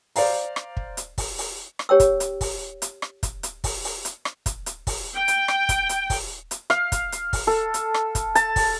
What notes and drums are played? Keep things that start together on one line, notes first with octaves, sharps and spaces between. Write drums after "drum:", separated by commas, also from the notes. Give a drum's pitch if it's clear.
C5 D5 F5 A#5, drum: open hi-hat
drum: rim click
drum: kick
drum: hi-hat
drum: kick, open hi-hat
drum: open hi-hat
drum: rim click
G4 C#5 G5 E6
drum: kick, hi-hat
drum: hi-hat
drum: kick, open hi-hat
drum: hi-hat
drum: rim click
drum: kick, hi-hat
drum: hi-hat
drum: kick, open hi-hat
drum: open hi-hat
drum: hi-hat
drum: rim click
drum: kick, hi-hat
drum: hi-hat
drum: kick, open hi-hat
G5
drum: hi-hat
drum: rim click
drum: kick, hi-hat
drum: hi-hat
drum: kick, open hi-hat
drum: hi-hat
F5, drum: rim click
drum: kick, hi-hat
drum: hi-hat
drum: kick, open hi-hat
A4
drum: hi-hat
drum: rim click
drum: kick, hi-hat
A5, drum: hi-hat
drum: kick, open hi-hat